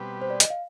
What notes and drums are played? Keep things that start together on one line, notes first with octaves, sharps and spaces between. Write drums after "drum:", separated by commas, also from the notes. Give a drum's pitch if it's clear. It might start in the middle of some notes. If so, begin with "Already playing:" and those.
Already playing: B2 G3 C4 G4 B4
C5
D5
D#5, drum: hi-hat
F5